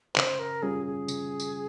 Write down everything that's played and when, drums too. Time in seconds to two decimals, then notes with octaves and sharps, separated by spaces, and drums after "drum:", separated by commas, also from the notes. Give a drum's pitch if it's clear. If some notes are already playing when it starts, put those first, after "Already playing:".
0.16 C#3 C5, drum: clap
0.39 A#4
0.62 G3 C#4 F4 G#4
0.86 G#4
1.08 C#3, drum: tambourine
1.40 drum: tambourine